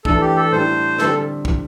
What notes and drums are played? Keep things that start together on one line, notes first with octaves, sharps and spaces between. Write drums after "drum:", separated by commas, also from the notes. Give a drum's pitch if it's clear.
E3 A3 D4 A4, drum: kick
G4
A4
A2 G3 D4 C5
D3 G3 C4 A4, drum: snare
drum: kick